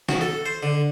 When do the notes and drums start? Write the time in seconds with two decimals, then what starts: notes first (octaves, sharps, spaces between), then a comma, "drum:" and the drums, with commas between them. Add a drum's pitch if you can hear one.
0.09 F#4, drum: snare
0.21 A4
0.46 C5
0.63 D3